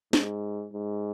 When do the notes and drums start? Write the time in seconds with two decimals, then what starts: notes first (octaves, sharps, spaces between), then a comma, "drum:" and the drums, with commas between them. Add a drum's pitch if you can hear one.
0.13 G#2, drum: snare
0.73 G#2